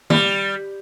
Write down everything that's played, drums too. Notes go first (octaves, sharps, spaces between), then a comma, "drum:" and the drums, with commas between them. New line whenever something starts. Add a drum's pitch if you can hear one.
G3, drum: tom